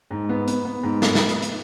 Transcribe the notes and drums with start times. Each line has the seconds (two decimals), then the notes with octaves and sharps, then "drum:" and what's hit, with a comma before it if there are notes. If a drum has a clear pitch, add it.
0.11 G#2
0.29 B3
0.48 B3, drum: hi-hat
0.65 B3
0.83 G#2
1.02 B3, drum: snare
1.15 drum: snare
1.29 drum: hi-hat
1.42 drum: hi-hat